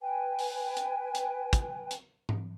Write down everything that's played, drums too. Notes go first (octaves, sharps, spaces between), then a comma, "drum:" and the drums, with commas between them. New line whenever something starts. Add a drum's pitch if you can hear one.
B4 G5 G#5
drum: open hi-hat
drum: hi-hat
drum: hi-hat
drum: kick, hi-hat
drum: hi-hat
drum: tom G#2